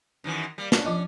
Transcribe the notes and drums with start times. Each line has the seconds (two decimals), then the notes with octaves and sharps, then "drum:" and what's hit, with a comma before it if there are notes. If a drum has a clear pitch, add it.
0.24 F#2 D#3 E3
0.58 G3 A#3
0.72 C#4 D4, drum: snare
0.85 F3 F4 D#5